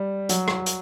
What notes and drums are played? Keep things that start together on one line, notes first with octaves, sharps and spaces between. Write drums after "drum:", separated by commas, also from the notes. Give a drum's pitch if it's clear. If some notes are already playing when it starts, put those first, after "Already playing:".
Already playing: G3
F#3, drum: hi-hat
drum: rim click
drum: hi-hat